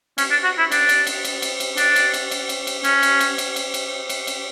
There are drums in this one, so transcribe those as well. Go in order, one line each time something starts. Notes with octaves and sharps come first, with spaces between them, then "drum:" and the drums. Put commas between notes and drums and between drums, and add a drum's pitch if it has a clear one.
C#4, drum: cymbal
D4
F#4
E4
D4, drum: cymbal
drum: cymbal
drum: cymbal
drum: cymbal
drum: cymbal
drum: cymbal
D4, drum: cymbal
drum: cymbal
drum: cymbal
drum: cymbal
drum: cymbal
drum: cymbal
C#4, drum: cymbal
drum: cymbal
drum: cymbal
drum: cymbal
drum: cymbal
drum: cymbal
drum: cymbal
drum: cymbal